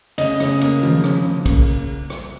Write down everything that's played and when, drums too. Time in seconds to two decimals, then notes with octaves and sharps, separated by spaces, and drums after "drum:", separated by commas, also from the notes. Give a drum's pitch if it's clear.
0.18 C#3 D#5, drum: cymbal
0.40 C#3, drum: rim click
0.61 A#3, drum: cymbal
0.83 F3, drum: tom D#3
1.04 C#3, drum: rim click
1.25 C#3
1.46 A#3, drum: kick, cymbal
2.10 drum: rim click